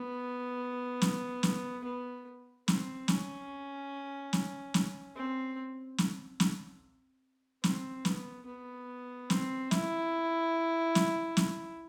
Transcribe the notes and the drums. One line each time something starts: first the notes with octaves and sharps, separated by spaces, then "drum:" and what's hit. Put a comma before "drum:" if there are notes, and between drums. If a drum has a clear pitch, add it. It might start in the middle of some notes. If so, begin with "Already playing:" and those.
Already playing: B3
drum: snare
drum: snare
B3
C4, drum: snare
C#4, drum: snare
drum: snare
drum: snare
C4
drum: snare
drum: snare
C4, drum: snare
B3, drum: snare
B3
C4, drum: snare
E4, drum: snare
drum: snare
drum: snare